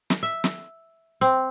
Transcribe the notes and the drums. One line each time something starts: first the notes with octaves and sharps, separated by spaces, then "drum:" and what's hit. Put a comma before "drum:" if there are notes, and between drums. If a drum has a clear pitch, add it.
drum: snare
E5
drum: snare
C4